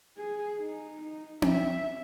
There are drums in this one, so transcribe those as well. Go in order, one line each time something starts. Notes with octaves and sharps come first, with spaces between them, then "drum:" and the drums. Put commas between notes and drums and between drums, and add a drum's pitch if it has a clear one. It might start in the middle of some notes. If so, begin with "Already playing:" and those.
G#4
D#4
D#4
E5, drum: tom C4